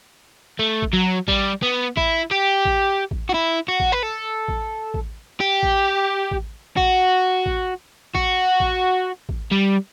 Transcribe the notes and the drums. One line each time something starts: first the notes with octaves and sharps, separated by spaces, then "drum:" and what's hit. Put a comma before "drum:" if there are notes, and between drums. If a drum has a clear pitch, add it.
A3
drum: kick A1
F#3
G3, drum: kick A1
B3
E4, drum: kick A1
G4
drum: kick A1
drum: kick A1
F#4
E4
F#4
drum: kick A1
B4
A4
drum: kick A1
drum: kick A1
G4
drum: kick A1
drum: kick A1
F#4, drum: kick A1
drum: kick A1
F#4, drum: kick A1
drum: kick A1
drum: kick A1
G3